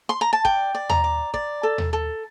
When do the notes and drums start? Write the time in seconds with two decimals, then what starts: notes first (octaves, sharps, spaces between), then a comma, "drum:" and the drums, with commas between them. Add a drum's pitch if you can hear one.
0.09 C6
0.21 A#5
0.33 A5
0.45 D5 G5, drum: kick
0.75 D5
0.89 A#5, drum: tom D#2
1.04 D5
1.34 D5, drum: kick
1.63 A4
1.78 drum: tom D#2
1.93 A4